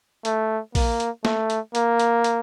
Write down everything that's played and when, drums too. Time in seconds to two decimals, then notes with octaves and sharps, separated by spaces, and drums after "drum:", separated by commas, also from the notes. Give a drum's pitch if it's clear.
0.25 A3, drum: hi-hat
0.75 A#3, drum: kick, open hi-hat
1.00 drum: hi-hat
1.25 A3, drum: snare
1.50 drum: hi-hat
1.75 A#3, drum: hi-hat
2.00 drum: hi-hat
2.24 drum: hi-hat